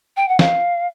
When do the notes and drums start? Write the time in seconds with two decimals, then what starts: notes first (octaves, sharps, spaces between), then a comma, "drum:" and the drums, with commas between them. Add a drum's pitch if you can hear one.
0.16 G5
0.28 F#5
0.39 F5, drum: snare